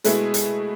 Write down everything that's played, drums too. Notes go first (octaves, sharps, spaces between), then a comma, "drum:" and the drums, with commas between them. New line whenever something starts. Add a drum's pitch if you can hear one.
B2 G#3 A3 E4 G#4 B4, drum: hi-hat
drum: hi-hat